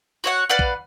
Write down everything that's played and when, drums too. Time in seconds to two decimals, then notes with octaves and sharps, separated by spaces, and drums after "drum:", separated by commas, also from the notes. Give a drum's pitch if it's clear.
0.24 F#4 C#5 F#5
0.50 B4 D5 F5 F#5
0.59 drum: kick A#1